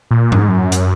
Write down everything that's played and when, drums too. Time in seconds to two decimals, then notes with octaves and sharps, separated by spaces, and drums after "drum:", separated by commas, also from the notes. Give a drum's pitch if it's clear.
0.11 A#2
0.32 F#2, drum: tom G#2
0.40 G#2
0.48 F#2
0.72 drum: hi-hat